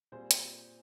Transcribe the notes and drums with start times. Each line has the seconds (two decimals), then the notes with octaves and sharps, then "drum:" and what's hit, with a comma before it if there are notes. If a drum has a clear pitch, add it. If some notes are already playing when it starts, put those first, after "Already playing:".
0.12 A#2 G3 C4 G#4 C5
0.31 drum: hi-hat